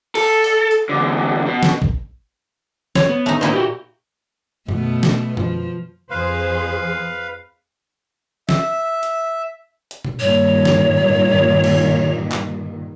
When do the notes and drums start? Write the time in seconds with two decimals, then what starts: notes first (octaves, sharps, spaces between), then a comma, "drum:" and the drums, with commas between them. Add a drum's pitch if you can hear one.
0.15 A4, drum: cymbal
0.44 drum: open hi-hat
0.71 drum: tambourine
0.89 E2 D3
1.46 B2
1.63 drum: snare
1.82 drum: kick A#1
2.95 C#5, drum: snare
3.09 B3
3.26 A3 D#4
3.41 A#2 A#3 B3 D#4 E4 C5
3.53 F#4 G4
4.68 B2 A3 B3, drum: tom F#2
5.03 drum: snare
5.37 F3, drum: tom F#2
6.11 F2 G#4 B4 C5 F5
8.49 E5, drum: snare
9.03 drum: hi-hat
9.91 drum: hi-hat
10.05 drum: tom A#2
10.20 G2 A#2 D#3 C#5
10.65 drum: snare
11.64 drum: cymbal
12.32 drum: clap